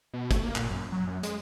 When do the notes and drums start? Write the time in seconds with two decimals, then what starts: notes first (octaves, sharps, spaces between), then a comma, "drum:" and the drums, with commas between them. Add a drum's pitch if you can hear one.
0.13 B2
0.31 A3, drum: kick, hi-hat
0.43 A#3
0.56 A#2, drum: clap
0.70 F#2
0.92 F#3
1.07 F#2
1.23 G#3, drum: hi-hat